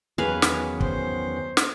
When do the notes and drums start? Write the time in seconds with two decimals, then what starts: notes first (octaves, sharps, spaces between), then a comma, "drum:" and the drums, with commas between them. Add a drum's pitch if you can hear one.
0.18 E2 D#3 F#3 C#4 G#4 B4 F5
0.42 drum: snare
0.80 C5, drum: kick
1.57 drum: snare